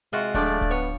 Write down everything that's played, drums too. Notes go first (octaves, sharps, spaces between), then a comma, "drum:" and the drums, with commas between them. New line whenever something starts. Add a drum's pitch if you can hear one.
C3 G#3 F4 F#4
F3 G3 A3 D4 D5, drum: kick D1, hi-hat
drum: hi-hat
drum: kick D1, hi-hat
B3 C#5